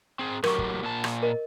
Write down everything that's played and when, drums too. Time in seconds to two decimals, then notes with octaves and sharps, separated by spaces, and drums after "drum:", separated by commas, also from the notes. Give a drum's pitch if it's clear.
0.19 C4 G#4
0.44 A2 F#3 G4 A#4 C#6, drum: rim click
0.59 drum: kick
0.83 A#2 A5
1.04 drum: rim click
1.22 A#4 D#5